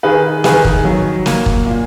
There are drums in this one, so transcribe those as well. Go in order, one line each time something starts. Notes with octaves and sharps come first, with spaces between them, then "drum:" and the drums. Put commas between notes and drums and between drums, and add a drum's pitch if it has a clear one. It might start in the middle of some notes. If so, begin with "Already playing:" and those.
D#3 G#4 B4
D#3 G#4 B4, drum: snare
drum: kick
F#3
A#3, drum: snare
drum: kick
A#2